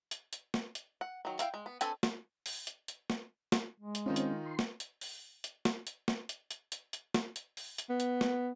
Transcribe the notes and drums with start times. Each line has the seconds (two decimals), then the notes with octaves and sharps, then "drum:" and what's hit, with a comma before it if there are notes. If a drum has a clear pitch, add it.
0.11 drum: hi-hat
0.33 drum: hi-hat
0.54 drum: snare
0.75 drum: hi-hat
1.01 F#5
1.25 D#3 F#3
1.39 E4 F5 G5, drum: hi-hat
1.54 G#3
1.66 B3
1.81 C4 D4 A4 B4 G#5, drum: hi-hat
2.03 drum: snare
2.46 drum: open hi-hat
2.67 drum: hi-hat
2.88 drum: hi-hat
3.10 drum: snare
3.52 drum: snare
3.80 G#3
3.95 drum: hi-hat
4.06 D#3 C4 C#4 D#4 F4
4.16 drum: hi-hat
4.46 C6
4.59 drum: snare
4.80 drum: hi-hat
5.01 drum: open hi-hat
5.44 drum: hi-hat
5.65 drum: snare
5.87 drum: hi-hat
6.08 drum: snare
6.29 drum: hi-hat
6.51 drum: hi-hat
6.72 drum: hi-hat
6.93 drum: hi-hat
7.14 drum: snare
7.36 drum: hi-hat
7.57 drum: open hi-hat
7.78 drum: hi-hat
7.90 B3
8.00 drum: hi-hat
8.21 drum: snare